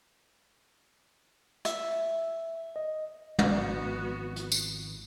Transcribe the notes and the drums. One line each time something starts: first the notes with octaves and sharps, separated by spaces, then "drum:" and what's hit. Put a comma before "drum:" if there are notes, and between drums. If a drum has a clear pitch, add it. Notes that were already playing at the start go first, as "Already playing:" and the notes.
E5, drum: hi-hat
D#5
G#1 F3 B3 F#4, drum: tom
drum: hi-hat
drum: tambourine